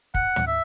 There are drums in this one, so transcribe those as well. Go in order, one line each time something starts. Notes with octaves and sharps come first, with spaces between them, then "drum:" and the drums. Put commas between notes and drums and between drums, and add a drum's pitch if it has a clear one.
F#5, drum: kick
drum: tom
E5